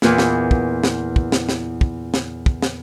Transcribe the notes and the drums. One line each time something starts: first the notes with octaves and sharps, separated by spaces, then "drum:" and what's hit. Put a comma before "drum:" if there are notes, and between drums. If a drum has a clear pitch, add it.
E2 A#2 B3 E4, drum: snare
drum: snare
drum: kick
drum: snare
drum: kick
drum: snare
drum: snare
drum: kick
drum: snare
drum: kick
drum: snare